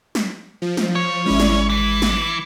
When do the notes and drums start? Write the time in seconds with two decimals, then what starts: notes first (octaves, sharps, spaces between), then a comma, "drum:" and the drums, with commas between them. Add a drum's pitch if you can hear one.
0.15 drum: snare
0.62 F3
0.77 drum: snare
0.95 C#5
1.26 G#1 G#3 C#4 E4 D5
1.40 drum: snare
1.70 E3 B6
2.02 drum: snare